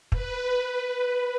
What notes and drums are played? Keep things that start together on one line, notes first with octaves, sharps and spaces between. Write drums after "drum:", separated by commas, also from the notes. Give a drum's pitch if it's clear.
B4, drum: kick